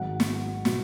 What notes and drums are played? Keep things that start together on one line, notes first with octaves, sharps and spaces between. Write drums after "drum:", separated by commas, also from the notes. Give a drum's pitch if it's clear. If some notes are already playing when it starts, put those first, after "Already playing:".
Already playing: G#1 G#2 D#3 F#3 F#5
drum: snare
B2 F#3, drum: snare